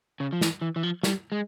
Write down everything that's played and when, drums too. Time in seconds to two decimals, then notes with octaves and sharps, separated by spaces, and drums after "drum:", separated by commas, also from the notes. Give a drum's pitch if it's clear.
0.20 C#3
0.32 F3
0.41 E3, drum: snare
0.61 E3
0.76 E3
0.83 F3
1.03 G3, drum: snare
1.32 G#3